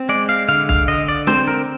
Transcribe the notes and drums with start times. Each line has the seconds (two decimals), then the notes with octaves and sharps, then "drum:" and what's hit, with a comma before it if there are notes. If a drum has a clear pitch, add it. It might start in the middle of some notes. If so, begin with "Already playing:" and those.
Already playing: C4
0.09 G#3 D5
0.29 F5
0.48 D3 F5
0.69 F5, drum: kick
0.88 D3 D#5
1.08 D5
1.27 C4 C5, drum: snare
1.47 A#4